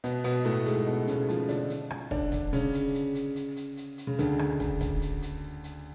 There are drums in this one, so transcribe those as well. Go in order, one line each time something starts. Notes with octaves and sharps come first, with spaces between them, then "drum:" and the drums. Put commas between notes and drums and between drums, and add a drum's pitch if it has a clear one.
B2 B3, drum: hi-hat
B2 B3, drum: hi-hat
A2 A3, drum: hi-hat
G#2 G#3, drum: hi-hat
B2 B3
C#3 C#4, drum: hi-hat
F3 F4, drum: hi-hat
D3 D4, drum: hi-hat
drum: hi-hat
drum: rim click
D3 D4, drum: kick
drum: kick, hi-hat
C#3 C#4, drum: hi-hat
drum: hi-hat
drum: hi-hat
drum: hi-hat
drum: hi-hat
drum: hi-hat
drum: hi-hat
drum: hi-hat
C#3
D2 D3, drum: hi-hat
drum: rim click
drum: kick, hi-hat
drum: kick, hi-hat
drum: hi-hat
drum: hi-hat
drum: hi-hat